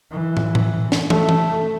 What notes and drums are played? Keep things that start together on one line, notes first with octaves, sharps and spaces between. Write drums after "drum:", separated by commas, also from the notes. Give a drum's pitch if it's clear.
E3
drum: tom
drum: tom A2
drum: snare
A3, drum: tom
drum: tom